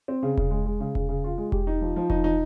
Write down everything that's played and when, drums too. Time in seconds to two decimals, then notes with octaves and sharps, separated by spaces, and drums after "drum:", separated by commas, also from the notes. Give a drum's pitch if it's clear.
0.08 C4
0.23 C#3
0.37 C#3, drum: kick E1
0.51 G#3
0.66 G#3
0.80 C#3
0.95 C#3, drum: kick E1
1.09 C#3
1.24 F4
1.38 G#3
1.52 G4, drum: kick E1
1.67 D#4
1.81 F3
1.96 F3
2.10 D#4, drum: kick E1
2.24 D#4